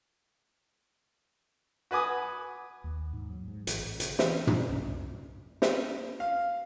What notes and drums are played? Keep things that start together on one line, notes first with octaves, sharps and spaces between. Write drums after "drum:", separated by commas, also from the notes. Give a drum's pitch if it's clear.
F#4 B4 G#5 D6 D#6
D#2
G#2
F#3
G#2
A1, drum: hi-hat
C#3, drum: hi-hat
E3, drum: snare
C#3, drum: tom
C2
drum: snare
F5